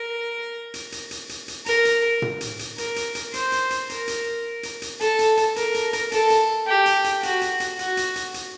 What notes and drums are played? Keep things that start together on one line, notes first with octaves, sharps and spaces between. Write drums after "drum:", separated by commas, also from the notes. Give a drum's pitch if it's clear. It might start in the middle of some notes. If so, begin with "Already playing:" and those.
Already playing: A#4
drum: hi-hat
drum: hi-hat
drum: hi-hat
drum: hi-hat
drum: hi-hat
A#4, drum: hi-hat
drum: hi-hat
drum: tom
drum: hi-hat
drum: hi-hat
A#4, drum: hi-hat
drum: hi-hat
drum: hi-hat
C5, drum: hi-hat
drum: hi-hat
drum: hi-hat
A#4, drum: hi-hat
drum: hi-hat
drum: hi-hat
drum: hi-hat
A4, drum: hi-hat
drum: hi-hat
drum: hi-hat
A#4, drum: hi-hat
drum: hi-hat
drum: hi-hat
A4, drum: hi-hat
drum: hi-hat
G4
drum: hi-hat
drum: hi-hat
F#4, drum: hi-hat
drum: hi-hat
drum: hi-hat
F#4, drum: hi-hat
drum: hi-hat
drum: hi-hat
drum: hi-hat